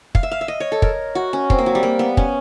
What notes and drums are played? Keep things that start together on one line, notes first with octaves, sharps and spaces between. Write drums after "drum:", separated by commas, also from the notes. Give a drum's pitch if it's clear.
F5, drum: kick
E5
F5
E5
D#5
C#5
A4
A#4, drum: kick
F#4
C#4
C4, drum: kick
A#3
F#3
G3
A#3
B3
C#4, drum: kick